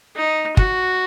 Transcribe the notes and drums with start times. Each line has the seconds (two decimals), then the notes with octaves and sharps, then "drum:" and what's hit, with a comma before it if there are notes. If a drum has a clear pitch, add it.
0.16 D#4
0.57 F#4, drum: kick